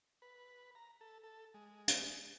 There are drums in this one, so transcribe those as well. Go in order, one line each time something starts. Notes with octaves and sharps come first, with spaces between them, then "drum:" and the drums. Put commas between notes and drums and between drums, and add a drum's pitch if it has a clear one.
B4
A#5
A4
A4
G#3
drum: hi-hat